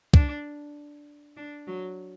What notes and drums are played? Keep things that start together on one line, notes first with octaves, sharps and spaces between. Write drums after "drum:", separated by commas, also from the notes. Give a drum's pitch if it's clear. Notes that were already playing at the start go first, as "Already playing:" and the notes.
D4, drum: kick
D4
F#3